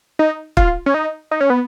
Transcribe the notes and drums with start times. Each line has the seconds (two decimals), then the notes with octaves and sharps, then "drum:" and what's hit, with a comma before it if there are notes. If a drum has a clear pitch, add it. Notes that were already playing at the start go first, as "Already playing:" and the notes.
0.19 D#4
0.57 F4, drum: kick
0.86 C#4
0.94 D#4
1.31 D#4
1.41 C#4
1.50 B3